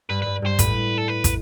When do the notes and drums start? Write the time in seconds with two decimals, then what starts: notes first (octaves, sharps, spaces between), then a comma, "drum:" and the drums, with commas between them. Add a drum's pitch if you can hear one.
0.09 G2 B4
0.22 G2 B4
0.42 G2 C5
0.59 A2 B4, drum: kick, hi-hat
0.98 A4
1.08 B4
1.24 drum: kick, hi-hat